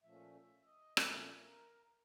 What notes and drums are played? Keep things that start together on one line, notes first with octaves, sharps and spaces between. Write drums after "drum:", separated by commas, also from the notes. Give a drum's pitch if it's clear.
A#2 F3 A3 C#4 E5
E5
D#5
A#2 F3 A3 C#4 A#4, drum: rim click